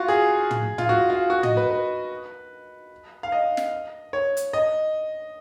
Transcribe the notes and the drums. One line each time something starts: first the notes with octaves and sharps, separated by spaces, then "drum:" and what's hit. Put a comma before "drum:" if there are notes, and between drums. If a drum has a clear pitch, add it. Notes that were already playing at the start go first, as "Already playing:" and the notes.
Already playing: F4 F#4
G#4
drum: tom
F4, drum: tom
F#4
F4
F#4
D#5, drum: tom
B4
B4
F5
D#5
drum: snare
C#5
drum: hi-hat
D#5